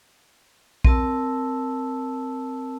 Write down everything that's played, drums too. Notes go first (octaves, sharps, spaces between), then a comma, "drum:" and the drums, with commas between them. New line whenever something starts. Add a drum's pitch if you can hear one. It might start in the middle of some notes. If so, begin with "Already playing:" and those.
C4 A#4 A5 E6, drum: kick A#1